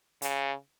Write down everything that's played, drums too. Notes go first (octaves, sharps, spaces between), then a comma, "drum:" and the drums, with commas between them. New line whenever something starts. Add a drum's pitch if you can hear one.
C#3, drum: hi-hat